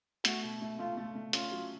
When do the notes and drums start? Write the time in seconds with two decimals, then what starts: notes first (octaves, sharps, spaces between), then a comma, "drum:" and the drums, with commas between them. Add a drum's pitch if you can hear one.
0.25 A3 F#4, drum: hi-hat
0.43 B2
0.62 A3
0.79 A3 F4
0.97 A3
1.15 A3
1.33 C#4 F4, drum: hi-hat
1.52 F#3